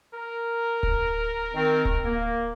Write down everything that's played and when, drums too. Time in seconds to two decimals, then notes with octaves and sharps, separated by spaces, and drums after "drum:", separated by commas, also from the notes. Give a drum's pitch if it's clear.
0.15 A#4
0.83 drum: kick D1
1.54 D#3 C4
1.85 drum: kick D1
2.05 A#3